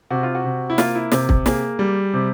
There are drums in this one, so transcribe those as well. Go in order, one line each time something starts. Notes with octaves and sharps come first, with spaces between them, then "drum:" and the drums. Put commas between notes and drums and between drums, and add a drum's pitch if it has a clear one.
C3 F#4
F4
F#4
C3
E4
A#3 F4, drum: snare
E4
C3, drum: snare
drum: kick
A#3 G#4, drum: snare
G3
C3